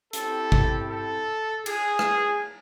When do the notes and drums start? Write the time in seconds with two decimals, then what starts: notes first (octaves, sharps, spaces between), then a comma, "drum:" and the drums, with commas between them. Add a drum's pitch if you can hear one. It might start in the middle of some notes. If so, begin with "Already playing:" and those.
0.13 C4 E4 G4 A4, drum: hi-hat
0.52 drum: kick
0.90 A4
1.66 G#4, drum: cymbal
1.99 drum: rim click